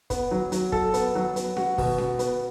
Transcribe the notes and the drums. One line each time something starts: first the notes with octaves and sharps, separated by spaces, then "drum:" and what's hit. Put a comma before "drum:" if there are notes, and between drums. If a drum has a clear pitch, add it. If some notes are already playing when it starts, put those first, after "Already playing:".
B3, drum: kick, hi-hat
F#3
F#3, drum: hi-hat
A4, drum: kick
B3, drum: hi-hat
F#3
B3, drum: hi-hat
F#4, drum: snare C#4
B2, drum: kick, open hi-hat
F#4, drum: snare C#4
B3, drum: hi-hat